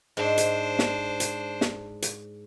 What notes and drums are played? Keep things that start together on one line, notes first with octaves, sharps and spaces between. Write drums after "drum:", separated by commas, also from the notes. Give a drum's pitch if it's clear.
G#2 D4 C5
drum: hi-hat
drum: snare
drum: hi-hat
drum: snare
drum: hi-hat